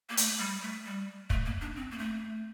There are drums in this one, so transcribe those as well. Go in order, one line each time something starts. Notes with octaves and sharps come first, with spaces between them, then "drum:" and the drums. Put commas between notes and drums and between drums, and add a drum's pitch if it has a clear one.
A#3
A3, drum: hi-hat
G3
A3
G3
A3, drum: kick
A#3
D4
C4
A#3
A3